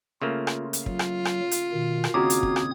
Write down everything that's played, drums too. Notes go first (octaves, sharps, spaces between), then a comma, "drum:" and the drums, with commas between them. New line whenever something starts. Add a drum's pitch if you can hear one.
C#3 A3 A#3 F4
drum: rim click
drum: hi-hat
F#3 F4, drum: kick
drum: rim click
drum: rim click
drum: hi-hat
B2 D#3
drum: rim click
D#2 C#3 C4 F#4 A#5 D6 D#6 G#6
drum: hi-hat
drum: kick
drum: rim click